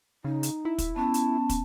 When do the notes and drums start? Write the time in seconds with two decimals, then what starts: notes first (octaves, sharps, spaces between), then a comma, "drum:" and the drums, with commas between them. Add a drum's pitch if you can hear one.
0.24 C#3 D#4
0.43 drum: hi-hat
0.65 E4
0.78 drum: kick, hi-hat
0.96 B3 C#4 A5
1.14 drum: hi-hat
1.49 drum: kick, hi-hat